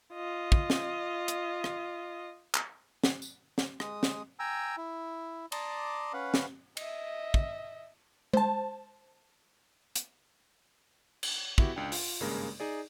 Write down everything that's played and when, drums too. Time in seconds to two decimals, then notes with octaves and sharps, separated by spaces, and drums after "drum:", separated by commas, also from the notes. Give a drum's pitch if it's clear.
0.14 F4 D#5
0.52 drum: kick
0.70 drum: snare
1.28 drum: hi-hat
1.64 drum: rim click
2.54 drum: clap
3.04 drum: snare
3.22 drum: tambourine
3.58 drum: snare
3.80 G#3 D#6, drum: rim click
4.03 drum: snare
4.39 G5 G#5 A#5 E6
4.77 E4
5.52 D5 A5 A#5 C6 D6 D#6, drum: cymbal
6.13 C#4 B4 F5 F#5
6.34 drum: snare
6.77 D#5 E5, drum: cymbal
7.34 drum: kick
8.33 C5 A5, drum: tom G#3
9.96 drum: hi-hat
11.23 drum: cymbal
11.58 B3 E4 F#4 G4, drum: kick
11.76 C#2 D4 G5
11.92 F4, drum: open hi-hat
12.20 G#1 G2 C#3 G#3 A#3 A#4
12.60 D#4 G#4 D5